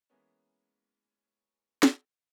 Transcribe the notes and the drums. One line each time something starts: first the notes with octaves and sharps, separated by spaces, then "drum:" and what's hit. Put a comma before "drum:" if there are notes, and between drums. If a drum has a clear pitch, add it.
E3 G#3 A#3 B3 C#4
drum: snare